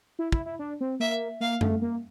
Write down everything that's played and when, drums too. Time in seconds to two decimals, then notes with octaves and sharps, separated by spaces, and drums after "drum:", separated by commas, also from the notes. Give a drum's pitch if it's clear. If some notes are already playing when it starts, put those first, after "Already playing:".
0.19 E4
0.32 E4, drum: kick
0.46 E4
0.59 D4
0.81 C4
1.00 A#3 E5
1.40 A#3 F5
1.61 A3, drum: tom F#2
1.82 A#3